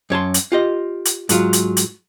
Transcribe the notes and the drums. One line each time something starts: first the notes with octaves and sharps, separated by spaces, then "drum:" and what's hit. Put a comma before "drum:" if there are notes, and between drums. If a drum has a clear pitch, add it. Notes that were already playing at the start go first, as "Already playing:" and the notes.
F#2 C#5 A5 C6
drum: hi-hat
F4 G4 D#5
drum: hi-hat
G#2 F#3 F4, drum: hi-hat
drum: hi-hat
drum: hi-hat